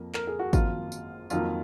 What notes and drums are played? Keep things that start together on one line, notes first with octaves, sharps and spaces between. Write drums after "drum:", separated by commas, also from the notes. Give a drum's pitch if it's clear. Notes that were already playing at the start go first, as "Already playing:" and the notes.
Already playing: F2 F3 A#3 A#4
A#4, drum: clap
G#4
F#4
G#1 F#2 F3 A#3 F4, drum: kick G#1, tambourine
drum: tambourine
F2 D#3 F#3 A#3 F4, drum: tambourine